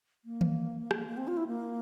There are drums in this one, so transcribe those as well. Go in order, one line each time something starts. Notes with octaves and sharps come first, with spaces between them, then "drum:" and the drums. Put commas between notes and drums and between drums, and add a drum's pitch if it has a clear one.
A#3
drum: tom D#3
drum: rim click
A#3
C4
F4
E4
A#3